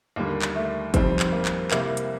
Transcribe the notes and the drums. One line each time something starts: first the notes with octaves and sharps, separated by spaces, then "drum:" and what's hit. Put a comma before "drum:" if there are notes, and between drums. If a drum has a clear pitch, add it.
D#2 D3 G3 A#3
drum: clap
A3
F2 D#3 G3 C4, drum: kick, hi-hat
drum: clap
A#3
drum: clap
C2 C3 G3 A#3, drum: clap
drum: hi-hat